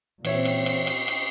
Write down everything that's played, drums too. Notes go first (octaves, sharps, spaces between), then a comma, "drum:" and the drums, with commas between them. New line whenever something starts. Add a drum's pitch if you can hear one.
A#2 E3 C4 C#5 E5, drum: cymbal
drum: cymbal
drum: cymbal
drum: cymbal
drum: cymbal